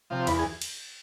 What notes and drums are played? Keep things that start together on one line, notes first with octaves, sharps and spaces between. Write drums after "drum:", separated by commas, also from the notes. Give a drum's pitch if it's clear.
C3 F3
E2 B4, drum: cymbal
G#4
drum: cymbal